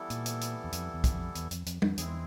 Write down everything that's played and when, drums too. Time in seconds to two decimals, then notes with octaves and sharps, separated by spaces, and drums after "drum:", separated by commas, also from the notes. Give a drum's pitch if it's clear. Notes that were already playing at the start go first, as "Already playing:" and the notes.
Already playing: E3 G3 B3 E4 A4
0.10 A#2, drum: hi-hat
0.26 drum: hi-hat
0.41 drum: hi-hat
0.64 E2
0.73 F2, drum: hi-hat
0.94 E2
1.04 drum: kick, hi-hat
1.14 F2
1.35 E2, drum: hi-hat
1.51 F2, drum: hi-hat
1.66 F2, drum: hi-hat
1.82 F2, drum: tom
1.98 E2 G#3 C4 E4 G#4, drum: hi-hat